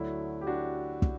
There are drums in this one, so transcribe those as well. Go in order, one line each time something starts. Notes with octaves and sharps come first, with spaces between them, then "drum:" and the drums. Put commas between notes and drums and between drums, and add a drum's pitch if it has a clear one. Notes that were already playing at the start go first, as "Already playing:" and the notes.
Already playing: D2 D3 F#3 E4
G4
D4 F#4
drum: kick